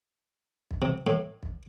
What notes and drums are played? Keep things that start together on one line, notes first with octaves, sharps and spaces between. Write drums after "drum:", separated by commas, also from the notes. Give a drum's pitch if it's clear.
drum: kick
C3
A2
drum: kick